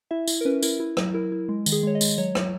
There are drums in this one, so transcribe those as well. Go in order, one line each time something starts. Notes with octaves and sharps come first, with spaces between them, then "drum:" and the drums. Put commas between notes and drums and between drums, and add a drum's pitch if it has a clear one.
E4 E5
E4, drum: tambourine
A#4
C#4 B4
E4 A#4, drum: tambourine
E4
F#3, drum: rim click
E4 A#4
E4
G#3
D#3, drum: tambourine
G#4
G#3 C#5
D#5
G#3, drum: tambourine
F#3 C#5
F#3, drum: rim click